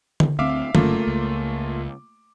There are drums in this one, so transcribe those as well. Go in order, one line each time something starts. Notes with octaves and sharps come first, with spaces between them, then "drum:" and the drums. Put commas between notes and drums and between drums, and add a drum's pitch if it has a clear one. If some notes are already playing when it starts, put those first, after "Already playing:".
drum: tom D3
D2 C4 E5 F5 D6
F#1 F#2 C#3 A3 A#3 F4, drum: tom D3
C#2